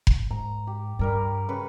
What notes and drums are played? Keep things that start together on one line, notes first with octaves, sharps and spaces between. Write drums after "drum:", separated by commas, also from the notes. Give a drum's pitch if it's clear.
drum: kick F1
G#2 A#5
G4
G2 G3 A#4 C#5
C#3 B4 C#6